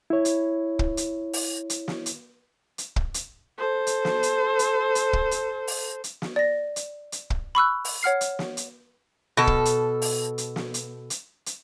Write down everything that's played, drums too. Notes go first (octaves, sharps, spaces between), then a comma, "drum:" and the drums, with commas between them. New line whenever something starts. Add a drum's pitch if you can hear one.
E4 C#5
drum: hi-hat
drum: kick
drum: hi-hat
drum: open hi-hat
drum: hi-hat
drum: snare
drum: hi-hat
drum: hi-hat
drum: kick
drum: hi-hat
A4 C5
drum: hi-hat
drum: snare
drum: hi-hat
drum: hi-hat
drum: hi-hat
drum: kick
drum: hi-hat
drum: open hi-hat
drum: hi-hat
drum: snare
D5 A#6
drum: hi-hat
drum: hi-hat
drum: kick
B5 C#6 E6 F#6
drum: open hi-hat
C#5 F#5 F6 C7
drum: hi-hat
drum: snare
drum: hi-hat
B2 A4
drum: kick
drum: hi-hat
drum: open hi-hat
drum: hi-hat
drum: snare
drum: hi-hat
drum: hi-hat
drum: hi-hat